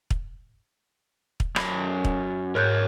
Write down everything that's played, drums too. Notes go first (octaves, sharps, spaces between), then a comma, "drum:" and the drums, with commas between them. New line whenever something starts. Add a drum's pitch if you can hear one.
drum: kick
drum: kick
F#2 B5, drum: rim click
drum: kick
G#2 A#4 C#5 F#6 G6